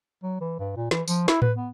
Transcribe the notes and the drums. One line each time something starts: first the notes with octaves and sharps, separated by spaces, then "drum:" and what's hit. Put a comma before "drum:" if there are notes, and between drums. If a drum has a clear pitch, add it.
F#3
E3
G2
A#2
E3, drum: snare
F3, drum: tambourine
E4, drum: snare
B4, drum: tom A2
B3